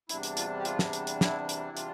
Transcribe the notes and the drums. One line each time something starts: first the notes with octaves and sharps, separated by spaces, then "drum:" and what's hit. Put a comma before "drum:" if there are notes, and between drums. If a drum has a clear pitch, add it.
E2 C3 G3 D4 E4, drum: hi-hat
drum: hi-hat
F4, drum: hi-hat
G4
F4, drum: hi-hat
drum: snare
drum: hi-hat
drum: hi-hat
E4, drum: snare
drum: hi-hat
E4
F4, drum: hi-hat